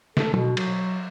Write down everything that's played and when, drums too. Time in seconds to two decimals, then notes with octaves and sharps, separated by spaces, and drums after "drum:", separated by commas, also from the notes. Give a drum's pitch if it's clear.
0.17 A4, drum: snare
0.34 B2, drum: tom
0.57 F#3, drum: cymbal